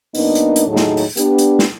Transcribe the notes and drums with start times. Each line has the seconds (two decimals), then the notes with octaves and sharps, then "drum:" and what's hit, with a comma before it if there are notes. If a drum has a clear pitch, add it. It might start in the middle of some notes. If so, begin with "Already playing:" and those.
0.15 F#2 A#3 B3 D4 D#4, drum: open hi-hat
0.35 drum: hi-hat
0.56 drum: hi-hat
0.67 D#2 A2 F#3 D#4 G#4 A4
0.76 drum: snare
0.97 drum: open hi-hat
1.17 B3 D4 G4, drum: hi-hat
1.38 drum: hi-hat
1.59 drum: snare